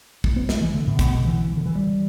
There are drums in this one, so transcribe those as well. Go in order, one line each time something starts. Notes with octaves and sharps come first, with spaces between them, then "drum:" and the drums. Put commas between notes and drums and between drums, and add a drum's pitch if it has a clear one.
A3, drum: kick
B3
A3, drum: snare
E3
D3
A2
B2, drum: kick, hi-hat
D3
E3
D3
E3
G3